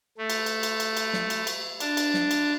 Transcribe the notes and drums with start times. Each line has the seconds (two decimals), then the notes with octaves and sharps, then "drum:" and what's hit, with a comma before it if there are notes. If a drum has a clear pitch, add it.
0.18 A3
0.30 drum: cymbal
0.46 drum: cymbal
0.63 drum: cymbal
0.80 drum: cymbal
0.97 drum: cymbal
1.13 drum: snare
1.30 drum: cymbal
1.47 drum: cymbal
1.80 D4, drum: cymbal
1.97 drum: cymbal
2.14 drum: snare
2.31 drum: cymbal